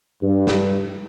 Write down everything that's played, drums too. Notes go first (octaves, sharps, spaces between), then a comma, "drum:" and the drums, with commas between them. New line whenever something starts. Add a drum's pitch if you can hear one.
G2
drum: snare